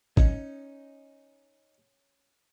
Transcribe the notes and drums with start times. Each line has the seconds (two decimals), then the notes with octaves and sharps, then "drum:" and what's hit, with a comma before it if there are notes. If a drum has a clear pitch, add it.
0.17 C#4 D#4, drum: kick G#1